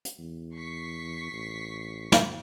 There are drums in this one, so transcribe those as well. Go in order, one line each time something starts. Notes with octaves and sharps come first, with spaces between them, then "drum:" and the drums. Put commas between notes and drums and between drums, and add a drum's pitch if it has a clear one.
drum: hi-hat
E2
C#6 B6 C7
A1
drum: snare